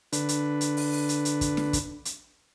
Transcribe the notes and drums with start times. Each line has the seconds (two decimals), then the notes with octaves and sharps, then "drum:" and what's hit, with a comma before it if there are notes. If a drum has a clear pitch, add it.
0.13 D3 D4 B4, drum: hi-hat
0.29 drum: hi-hat
0.61 drum: hi-hat
0.77 drum: open hi-hat
0.93 drum: open hi-hat
1.09 drum: hi-hat
1.25 drum: hi-hat
1.41 drum: kick, hi-hat
1.57 drum: snare
1.73 drum: kick, hi-hat
2.05 drum: hi-hat